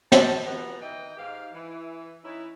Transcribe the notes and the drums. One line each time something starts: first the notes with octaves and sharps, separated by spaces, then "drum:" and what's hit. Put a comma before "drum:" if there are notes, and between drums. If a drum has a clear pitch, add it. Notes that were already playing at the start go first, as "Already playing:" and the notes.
A5, drum: snare
A#2 B3 F#4 G4 F#5 A#5
D#3 E3 B3 D#5 G5
G#2 G4 F5
E3
E3 C#4 D#4 E4